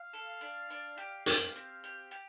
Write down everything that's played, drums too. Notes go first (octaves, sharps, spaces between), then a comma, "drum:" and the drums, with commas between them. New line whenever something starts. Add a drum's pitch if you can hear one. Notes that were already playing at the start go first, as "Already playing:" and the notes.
Already playing: F5
A4
D4
D4
G4 F5
G4, drum: hi-hat
C4
G4
G4